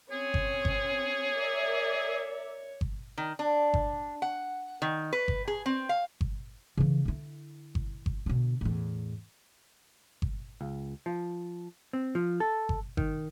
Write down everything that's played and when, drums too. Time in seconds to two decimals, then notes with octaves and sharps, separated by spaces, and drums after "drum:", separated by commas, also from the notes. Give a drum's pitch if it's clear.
0.11 C4 C#4 G#4 C#5
0.34 drum: kick G1
0.65 drum: kick G1
1.33 A#4 D5 E5
2.81 drum: kick G1
3.17 D#3
3.39 D4
3.74 drum: kick G1
4.22 F#5
4.82 D#3
5.13 B4
5.28 drum: kick G1
5.48 G#4
5.66 C4
5.89 F5
6.21 drum: kick G1
6.77 C#3 E3
7.05 D3 E4
7.75 drum: kick G1
8.06 drum: kick G1
8.26 B2 D3
8.61 E2 A2
10.22 drum: kick G1
10.61 C#2
11.06 F3
11.93 C4
12.15 F3
12.40 A4
12.69 drum: kick G1
12.97 D#3, drum: kick G1